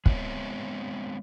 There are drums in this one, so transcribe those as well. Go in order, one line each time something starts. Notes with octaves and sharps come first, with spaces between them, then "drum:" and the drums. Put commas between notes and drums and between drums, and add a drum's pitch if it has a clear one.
G#3 B3 C4 C#5 E5, drum: kick